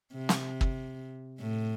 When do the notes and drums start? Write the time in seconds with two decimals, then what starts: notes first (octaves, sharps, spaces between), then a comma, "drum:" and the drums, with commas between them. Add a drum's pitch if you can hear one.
0.13 C3
0.29 drum: snare
0.61 drum: kick
1.40 A2